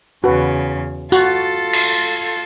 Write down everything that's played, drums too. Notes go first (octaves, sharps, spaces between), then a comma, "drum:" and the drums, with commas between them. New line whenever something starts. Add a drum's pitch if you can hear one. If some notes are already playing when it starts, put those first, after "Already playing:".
E2 C#3 F#4 B4
F4 F#4 A4, drum: tambourine
drum: cymbal